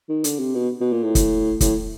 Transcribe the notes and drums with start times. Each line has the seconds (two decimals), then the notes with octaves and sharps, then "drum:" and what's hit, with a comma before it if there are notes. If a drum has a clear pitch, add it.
0.09 D#3
0.24 D3, drum: hi-hat
0.40 C3
0.55 B2
0.81 B2
0.92 A#2
1.04 A2
1.15 drum: kick, hi-hat
1.61 A2, drum: kick, hi-hat